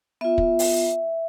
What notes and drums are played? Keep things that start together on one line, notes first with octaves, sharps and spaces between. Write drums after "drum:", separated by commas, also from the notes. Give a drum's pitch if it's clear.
B3 F4 E5
drum: kick
drum: open hi-hat